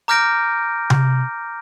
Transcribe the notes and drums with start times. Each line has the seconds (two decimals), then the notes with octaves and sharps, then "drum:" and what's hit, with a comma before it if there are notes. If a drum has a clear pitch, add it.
0.08 A#5 D6 F6 G6 A#6 D7
0.90 drum: tom C3